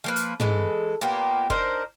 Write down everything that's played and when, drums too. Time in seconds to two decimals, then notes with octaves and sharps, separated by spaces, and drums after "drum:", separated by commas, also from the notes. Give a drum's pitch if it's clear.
0.04 F3 A#3 B4
0.16 drum: hi-hat
0.40 E3 G#3 A4, drum: tom
1.01 A#2 A#3 B3 G4
1.50 D4 D#4 A#4 C5, drum: kick